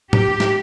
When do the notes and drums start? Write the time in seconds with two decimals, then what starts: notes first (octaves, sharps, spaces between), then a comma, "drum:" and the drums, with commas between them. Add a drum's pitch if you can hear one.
0.13 G4, drum: tom G#2
0.40 drum: snare